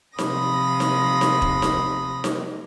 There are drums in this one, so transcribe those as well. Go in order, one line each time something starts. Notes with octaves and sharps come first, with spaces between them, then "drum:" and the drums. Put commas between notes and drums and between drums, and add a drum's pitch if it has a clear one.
C3 F3 B5 D#6 A#6, drum: snare D#4
drum: snare D#4
drum: snare D#4
drum: kick
drum: snare D#4
drum: snare D#4